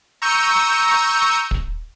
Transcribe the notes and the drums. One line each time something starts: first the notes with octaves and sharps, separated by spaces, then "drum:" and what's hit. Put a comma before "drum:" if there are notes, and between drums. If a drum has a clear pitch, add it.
A#5 C#6 E6 G6 C#7 D#7
drum: kick